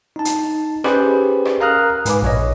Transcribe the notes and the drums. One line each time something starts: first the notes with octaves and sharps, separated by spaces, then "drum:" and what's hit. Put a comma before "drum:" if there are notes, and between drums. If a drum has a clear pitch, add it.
D#4 A5
drum: hi-hat
C#4 G4 G#4 B4 C5, drum: rim click
drum: rim click
A#4 F5 A#5 D#6 F6 F#6
G#2 B4 G#5 D6, drum: hi-hat
A#1 C#5 D#5